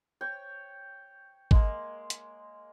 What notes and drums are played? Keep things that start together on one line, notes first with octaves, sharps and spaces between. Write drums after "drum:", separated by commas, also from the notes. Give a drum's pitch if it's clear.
C#5 G5
G#3 A#3, drum: kick
drum: hi-hat